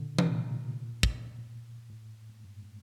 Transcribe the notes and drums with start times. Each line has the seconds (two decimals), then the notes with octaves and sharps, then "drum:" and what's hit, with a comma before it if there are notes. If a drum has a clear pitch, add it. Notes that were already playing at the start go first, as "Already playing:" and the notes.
Already playing: A#2 D3
0.18 C3, drum: tom E3
0.28 A#2
1.03 drum: kick
1.90 A2
2.45 G2